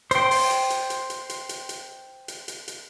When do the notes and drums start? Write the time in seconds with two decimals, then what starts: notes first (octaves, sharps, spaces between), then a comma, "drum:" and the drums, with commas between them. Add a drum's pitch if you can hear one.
0.11 C5 G5, drum: hi-hat
0.31 drum: open hi-hat
0.51 drum: hi-hat
0.70 drum: hi-hat
0.90 drum: hi-hat
1.10 drum: hi-hat
1.29 drum: hi-hat
1.49 drum: hi-hat
1.69 drum: hi-hat
2.28 drum: hi-hat
2.48 drum: hi-hat
2.68 drum: hi-hat